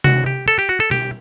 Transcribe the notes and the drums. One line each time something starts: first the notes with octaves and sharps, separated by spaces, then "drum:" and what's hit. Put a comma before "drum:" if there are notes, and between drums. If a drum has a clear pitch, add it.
F#4, drum: tom C3
G4
A4
G4
F#4
A4
G4, drum: tom B2